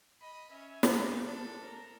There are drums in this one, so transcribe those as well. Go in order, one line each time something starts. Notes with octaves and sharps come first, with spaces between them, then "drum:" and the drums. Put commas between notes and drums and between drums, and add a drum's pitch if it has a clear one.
D#5 B5
C#4 E5
G3, drum: snare
D4 A4
A#4